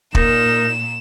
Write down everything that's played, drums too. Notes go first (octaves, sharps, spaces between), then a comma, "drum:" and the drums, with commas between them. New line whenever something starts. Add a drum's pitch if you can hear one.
A#2 D#4 A#4 E7, drum: kick